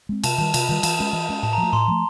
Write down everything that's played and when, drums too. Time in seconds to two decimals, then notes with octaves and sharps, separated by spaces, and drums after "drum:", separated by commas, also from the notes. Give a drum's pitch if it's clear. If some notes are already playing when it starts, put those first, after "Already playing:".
0.09 G#3 C4
0.24 C3 A5, drum: cymbal
0.38 D#3 G3 A5
0.54 C3, drum: cymbal
0.69 D#3 G3
0.83 E3 A5, drum: cymbal
0.99 G#3 C#4
1.13 E3
1.29 G#3 C#4
1.43 A2 A5
1.53 A#5
1.58 F3
1.63 A3
1.73 A2 C6
1.88 F3 A3